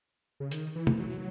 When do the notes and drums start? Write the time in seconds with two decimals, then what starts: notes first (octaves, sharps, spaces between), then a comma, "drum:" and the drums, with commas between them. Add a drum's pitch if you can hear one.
0.40 C#3
0.51 D#3, drum: hi-hat
0.76 E3
0.87 drum: tom
0.99 F#3